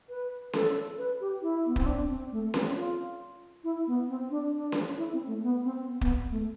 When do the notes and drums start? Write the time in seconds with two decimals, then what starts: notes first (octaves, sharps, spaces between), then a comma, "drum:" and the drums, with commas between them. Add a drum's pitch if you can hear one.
0.09 B4
0.53 A4, drum: snare C#4
0.98 B4
1.21 G4
1.42 E4
1.66 B3
1.76 C4, drum: kick
1.86 D4
2.09 C4
2.32 A3
2.54 C4, drum: snare C#4
2.76 F4
3.64 E4
3.87 B3
4.08 C4
4.30 D4
4.53 D4
4.72 drum: snare C#4
4.98 E4
5.13 C4
5.27 A3
5.42 B3
5.64 C4
5.87 B3
6.01 B3, drum: kick
6.31 A3